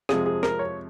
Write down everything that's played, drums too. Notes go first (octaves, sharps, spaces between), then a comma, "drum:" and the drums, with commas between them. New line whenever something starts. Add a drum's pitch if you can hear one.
F2 C3 F3 G#3 G#4, drum: rim click
G#4
A#4, drum: rim click
C#5